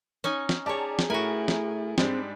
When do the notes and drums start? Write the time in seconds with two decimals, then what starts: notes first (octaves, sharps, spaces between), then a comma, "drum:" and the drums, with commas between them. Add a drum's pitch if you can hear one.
0.24 C#4 D#4 G#5
0.49 drum: snare
0.66 G4 G#4 C#5 D5 A5 A#5
0.99 drum: snare
1.10 A3 E4 F#4 A#4 G#5
1.48 drum: snare
1.98 G#2 G3 G#3 C4 D4, drum: snare